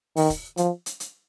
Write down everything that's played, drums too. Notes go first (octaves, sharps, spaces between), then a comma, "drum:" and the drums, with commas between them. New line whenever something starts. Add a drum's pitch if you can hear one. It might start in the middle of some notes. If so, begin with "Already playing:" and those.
D#3, drum: open hi-hat
drum: kick, hi-hat
F3, drum: hi-hat
drum: hi-hat
drum: hi-hat